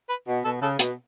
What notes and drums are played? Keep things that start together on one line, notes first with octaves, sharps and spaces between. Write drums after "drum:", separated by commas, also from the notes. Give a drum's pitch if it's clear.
B4
B2
B2 A4
C#3 A4
B2, drum: hi-hat